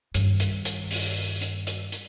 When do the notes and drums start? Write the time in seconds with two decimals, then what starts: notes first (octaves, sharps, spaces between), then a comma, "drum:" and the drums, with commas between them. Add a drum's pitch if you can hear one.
0.14 G2 D#3, drum: hi-hat
0.40 drum: hi-hat
0.65 drum: hi-hat
0.91 drum: open hi-hat
1.42 drum: hi-hat
1.67 drum: hi-hat
1.92 drum: hi-hat